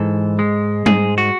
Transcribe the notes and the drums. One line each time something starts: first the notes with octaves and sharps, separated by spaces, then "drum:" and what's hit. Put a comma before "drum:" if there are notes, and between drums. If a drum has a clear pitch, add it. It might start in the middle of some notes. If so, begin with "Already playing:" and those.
Already playing: G#2 E3 A4
G#3
G#2 G#4, drum: tom G3
F#4